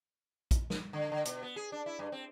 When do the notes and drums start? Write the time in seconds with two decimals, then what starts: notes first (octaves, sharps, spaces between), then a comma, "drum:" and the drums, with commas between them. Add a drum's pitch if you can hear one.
0.51 drum: kick, hi-hat
0.70 drum: snare
0.93 D3
1.12 D3
1.25 B2, drum: hi-hat
1.43 B3
1.56 G#4
1.72 D4
1.86 E4
1.99 G2
2.12 C4